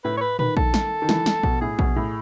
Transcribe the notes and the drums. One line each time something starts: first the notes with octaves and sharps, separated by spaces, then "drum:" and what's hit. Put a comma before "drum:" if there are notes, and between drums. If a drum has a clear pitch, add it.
A2 B4
C#5
B4
D#3 B4, drum: tom
A4, drum: kick A#1
drum: snare
D#3
E3, drum: snare
drum: snare
B2, drum: kick A#1
A2 G#4
B2, drum: kick A#1
A2